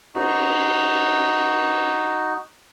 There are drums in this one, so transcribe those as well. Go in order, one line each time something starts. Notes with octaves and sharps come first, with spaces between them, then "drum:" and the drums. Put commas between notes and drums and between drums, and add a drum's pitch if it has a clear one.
D#4 F#4, drum: cymbal